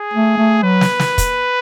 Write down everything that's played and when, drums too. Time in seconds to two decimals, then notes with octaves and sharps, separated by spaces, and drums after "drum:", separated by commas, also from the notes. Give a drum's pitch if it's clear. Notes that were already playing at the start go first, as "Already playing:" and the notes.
Already playing: G#4
0.14 A3
0.38 A3
0.63 F#3 B4
0.81 drum: snare
0.99 drum: snare
1.18 drum: kick, hi-hat